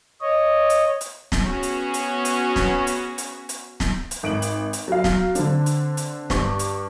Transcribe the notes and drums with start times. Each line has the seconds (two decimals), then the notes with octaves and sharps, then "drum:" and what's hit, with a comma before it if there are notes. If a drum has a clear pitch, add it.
0.21 C#5 D#5
0.70 drum: hi-hat
1.01 drum: hi-hat
1.32 drum: snare
1.41 B3 C#4 F#4 G#4
1.63 drum: hi-hat
1.94 drum: hi-hat
2.25 drum: hi-hat
2.56 drum: snare
2.87 drum: hi-hat
3.18 drum: hi-hat
3.49 drum: hi-hat
3.80 drum: snare
4.11 drum: hi-hat
4.23 G#1 D7 F#7
4.42 drum: hi-hat
4.73 drum: hi-hat
4.88 F#3 F5
5.04 drum: snare
5.35 D3 C4 D4, drum: hi-hat
5.66 drum: hi-hat
5.97 drum: hi-hat
6.30 G2 C#6, drum: snare
6.59 drum: hi-hat